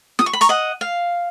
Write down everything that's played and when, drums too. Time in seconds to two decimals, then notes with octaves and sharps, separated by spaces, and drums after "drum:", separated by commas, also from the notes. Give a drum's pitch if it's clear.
0.19 D#6, drum: snare
0.26 C#6
0.33 B5
0.41 A#5 C#6, drum: hi-hat
0.49 D#5 F#5
0.81 F5